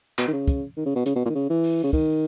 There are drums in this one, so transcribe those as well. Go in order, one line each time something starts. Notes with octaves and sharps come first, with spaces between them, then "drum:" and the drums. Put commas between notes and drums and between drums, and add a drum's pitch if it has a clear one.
B2, drum: clap
D#3
C#3
drum: kick, hi-hat
D#3
C#3
B2
C#3, drum: hi-hat
B2
A#2
D#3
C#3
E3
drum: open hi-hat
C#3
D#3, drum: kick